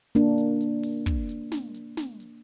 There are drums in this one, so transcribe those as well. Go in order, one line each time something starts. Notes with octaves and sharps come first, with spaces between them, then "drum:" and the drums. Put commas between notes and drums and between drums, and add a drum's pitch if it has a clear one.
A#3 D4, drum: hi-hat
drum: hi-hat
drum: hi-hat
drum: open hi-hat
drum: kick, hi-hat
drum: hi-hat
drum: snare
drum: hi-hat
drum: snare
drum: hi-hat